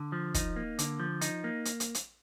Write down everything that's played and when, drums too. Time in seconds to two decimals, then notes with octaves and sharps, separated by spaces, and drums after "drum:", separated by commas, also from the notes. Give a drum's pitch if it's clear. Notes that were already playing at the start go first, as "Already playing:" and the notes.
Already playing: D3
0.12 F3
0.34 D#4, drum: kick, hi-hat
0.56 A#3
0.79 D3, drum: hi-hat
1.00 F3
1.21 D#4, drum: hi-hat
1.44 A#3
1.65 drum: hi-hat
1.80 drum: hi-hat
1.95 drum: hi-hat